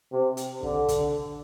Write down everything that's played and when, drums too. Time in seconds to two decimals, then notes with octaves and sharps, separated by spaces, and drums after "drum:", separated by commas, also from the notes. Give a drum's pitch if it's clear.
0.12 C3
0.37 drum: hi-hat
0.63 D3, drum: kick
0.88 drum: kick, hi-hat